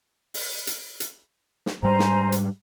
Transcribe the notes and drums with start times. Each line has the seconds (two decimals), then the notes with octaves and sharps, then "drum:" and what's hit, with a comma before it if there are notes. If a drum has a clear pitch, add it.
0.34 drum: open hi-hat
0.67 drum: hi-hat
1.00 drum: hi-hat
1.66 drum: snare
1.83 G#2 G3 C5 G#5 A#5
1.99 drum: snare
2.32 drum: hi-hat